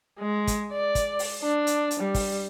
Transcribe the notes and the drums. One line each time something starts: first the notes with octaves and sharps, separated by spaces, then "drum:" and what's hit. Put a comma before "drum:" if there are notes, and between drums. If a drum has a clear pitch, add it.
G#3
drum: kick, hi-hat
D5
drum: kick, hi-hat
drum: open hi-hat
D4
drum: hi-hat
drum: hi-hat
G3
drum: kick, open hi-hat